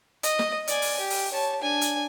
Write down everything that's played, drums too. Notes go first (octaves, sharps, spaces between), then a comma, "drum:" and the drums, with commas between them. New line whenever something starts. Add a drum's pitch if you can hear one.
D#5, drum: hi-hat
drum: snare
D5 G#5, drum: hi-hat
drum: open hi-hat
G4
drum: open hi-hat
C#5 A5
D4 G#5
drum: hi-hat